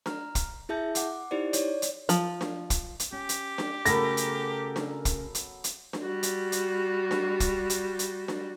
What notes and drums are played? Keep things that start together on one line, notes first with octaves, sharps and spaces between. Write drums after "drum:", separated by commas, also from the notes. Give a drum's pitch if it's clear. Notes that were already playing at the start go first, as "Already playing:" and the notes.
A#5 F6, drum: snare D4
drum: kick, hi-hat
E4 G#4 E5 A5 G6
F#5 D6, drum: hi-hat
D#4 E4 G4 C5 D5
C#5 D5, drum: hi-hat
drum: hi-hat
F3, drum: hi-hat
drum: snare D4
drum: kick, hi-hat
drum: hi-hat
C#4 G4
drum: hi-hat
drum: snare D4
C#3 F#3 A3 B3 A4 A#4 A#6, drum: hi-hat
drum: hi-hat
drum: snare D4
drum: kick, hi-hat
drum: hi-hat
drum: hi-hat
drum: snare D4
G3 F#4
drum: hi-hat
drum: hi-hat
drum: snare D4
drum: kick, hi-hat
drum: hi-hat
drum: hi-hat
drum: snare D4